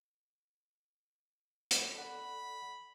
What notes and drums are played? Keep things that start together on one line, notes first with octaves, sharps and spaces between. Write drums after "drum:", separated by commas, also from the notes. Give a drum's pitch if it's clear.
drum: hi-hat
A4 D5 F#5 B5